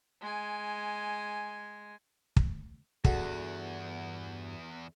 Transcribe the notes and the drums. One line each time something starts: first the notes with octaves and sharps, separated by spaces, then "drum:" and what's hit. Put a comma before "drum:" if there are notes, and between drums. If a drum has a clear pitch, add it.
G#3 G#5
drum: kick
E2 G2 F#4 G#4 A4 D5, drum: kick